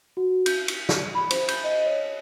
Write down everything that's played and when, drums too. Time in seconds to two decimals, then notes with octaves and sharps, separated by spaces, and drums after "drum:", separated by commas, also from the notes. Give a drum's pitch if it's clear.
0.17 F#4
0.46 G6, drum: cymbal
0.68 drum: cymbal
0.89 drum: snare
1.15 B5
1.30 C5, drum: cymbal
1.48 G6, drum: cymbal
1.64 D#5
1.86 C#5